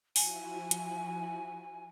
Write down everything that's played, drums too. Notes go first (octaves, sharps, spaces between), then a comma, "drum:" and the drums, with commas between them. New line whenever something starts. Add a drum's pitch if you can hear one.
F3 E4 F#4 G#5, drum: open hi-hat
drum: hi-hat